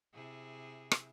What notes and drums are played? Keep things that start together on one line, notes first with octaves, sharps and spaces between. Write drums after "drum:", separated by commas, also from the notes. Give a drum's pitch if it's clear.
C3 E4 G#4
drum: rim click